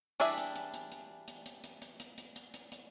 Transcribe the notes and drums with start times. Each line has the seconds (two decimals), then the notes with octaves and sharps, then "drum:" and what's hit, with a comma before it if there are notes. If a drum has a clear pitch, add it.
0.20 E3 G3 D4 G#4 E5, drum: hi-hat
0.38 drum: hi-hat
0.56 drum: hi-hat
0.74 drum: hi-hat
0.92 drum: hi-hat
1.28 drum: hi-hat
1.46 drum: hi-hat
1.64 drum: hi-hat
1.82 drum: hi-hat
2.00 drum: hi-hat
2.18 drum: hi-hat
2.36 drum: hi-hat
2.54 drum: hi-hat
2.72 drum: hi-hat